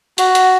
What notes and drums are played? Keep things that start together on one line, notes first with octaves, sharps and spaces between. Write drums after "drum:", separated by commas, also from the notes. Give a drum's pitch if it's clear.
F#4, drum: hi-hat
drum: hi-hat